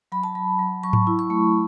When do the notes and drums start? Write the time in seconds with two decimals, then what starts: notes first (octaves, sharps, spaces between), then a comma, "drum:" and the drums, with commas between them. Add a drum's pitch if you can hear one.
0.12 F#3 B5
0.24 A5
0.35 F#3 B5
0.59 F#3
0.83 F#3 C#6
0.93 drum: tom G#2
1.07 E4
1.19 C#6
1.30 A3